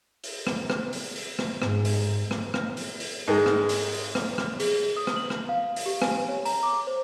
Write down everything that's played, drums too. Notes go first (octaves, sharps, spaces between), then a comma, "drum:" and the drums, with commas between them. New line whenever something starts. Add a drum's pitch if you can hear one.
drum: open hi-hat
drum: rim click
drum: rim click
drum: open hi-hat
drum: open hi-hat
drum: rim click
G#2, drum: rim click
drum: open hi-hat
drum: rim click
drum: rim click
drum: open hi-hat
drum: open hi-hat
G#2 D#3 G#3
drum: rim click
drum: open hi-hat
drum: open hi-hat
drum: rim click
drum: rim click
G#4, drum: open hi-hat
D#6
drum: rim click
F#7
drum: rim click
F5
drum: open hi-hat
G4
G#5, drum: rim click
C#5
A#5, drum: open hi-hat
D6
C5